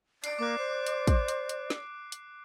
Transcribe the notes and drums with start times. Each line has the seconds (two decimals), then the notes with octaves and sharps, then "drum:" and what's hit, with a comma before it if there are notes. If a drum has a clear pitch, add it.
0.24 D5 C7 D7, drum: hi-hat
0.39 A#3 D6 F#6
0.58 C5
0.87 drum: hi-hat
1.07 drum: kick, hi-hat
1.28 drum: hi-hat
1.49 drum: hi-hat
1.70 drum: snare
2.12 drum: hi-hat